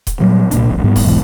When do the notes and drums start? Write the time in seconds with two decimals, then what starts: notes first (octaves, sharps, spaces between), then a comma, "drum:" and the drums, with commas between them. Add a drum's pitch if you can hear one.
0.07 drum: kick D#1, hi-hat
0.20 A#2 F#3 G3
0.51 C2 A#2 D4, drum: hi-hat
0.69 D1 A#1
0.84 G#2 G3 B3
0.96 drum: kick D#1, open hi-hat
1.07 E1 B1 G#2 E3